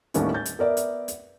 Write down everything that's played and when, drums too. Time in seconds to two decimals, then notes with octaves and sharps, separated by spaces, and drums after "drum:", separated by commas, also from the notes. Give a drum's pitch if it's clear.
0.14 D#2 A2 G3 A3 B3 C#4, drum: hi-hat
0.34 G6 A6
0.45 drum: hi-hat
0.59 B3 A#4 D5 E5
0.77 drum: hi-hat
1.08 drum: hi-hat